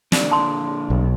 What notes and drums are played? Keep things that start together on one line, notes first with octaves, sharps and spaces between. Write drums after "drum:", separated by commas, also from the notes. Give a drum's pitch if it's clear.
A#2 D3 D5, drum: snare
A5 C6
B1